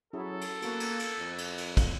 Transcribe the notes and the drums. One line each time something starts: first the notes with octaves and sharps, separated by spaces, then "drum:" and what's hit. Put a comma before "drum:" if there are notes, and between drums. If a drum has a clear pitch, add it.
F#3 C#4 E4 G#4 A4
drum: cymbal
A#3 B3 F#4, drum: cymbal
drum: cymbal
drum: cymbal
F2
drum: cymbal
drum: cymbal
drum: kick, cymbal